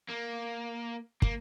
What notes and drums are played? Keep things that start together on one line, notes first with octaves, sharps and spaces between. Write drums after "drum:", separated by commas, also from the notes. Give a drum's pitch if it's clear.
A#3
A#3, drum: kick